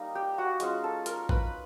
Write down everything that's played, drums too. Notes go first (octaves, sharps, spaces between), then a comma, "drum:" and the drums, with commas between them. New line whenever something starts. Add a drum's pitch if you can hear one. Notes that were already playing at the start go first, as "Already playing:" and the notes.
Already playing: G3 A#3 D#4 A#5
G4 G5
F#4 F#5
G#3 C#4 F4, drum: hi-hat
A4 A5
A#4 A#5, drum: hi-hat
B4 B5, drum: kick